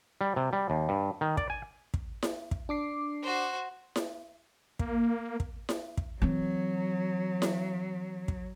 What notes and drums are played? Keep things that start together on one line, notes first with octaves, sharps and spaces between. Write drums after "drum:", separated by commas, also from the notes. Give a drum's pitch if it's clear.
G3
C3
G3
D#2
G2
D#3
D5, drum: kick
G#5
drum: kick
drum: snare E4
drum: kick
D4 D6 C7
F#4 C5
drum: snare E4
A#3, drum: kick
drum: kick
drum: snare E4
drum: kick
E3 F#3 C4
drum: snare E4
drum: kick